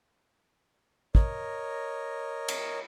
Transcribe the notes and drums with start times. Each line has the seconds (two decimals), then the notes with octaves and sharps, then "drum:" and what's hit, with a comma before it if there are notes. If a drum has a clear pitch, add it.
1.15 A#4 C#5 D#5, drum: kick
2.48 drum: cymbal